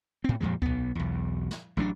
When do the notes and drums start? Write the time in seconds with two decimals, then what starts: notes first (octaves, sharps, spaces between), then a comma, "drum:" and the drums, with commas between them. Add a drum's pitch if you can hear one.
0.24 A2 C4
0.40 F2 A#2 F3 G#3
0.62 B1 B3, drum: kick D2
0.95 B1 E2
1.51 drum: snare
1.77 A1 F#3 A#3 D4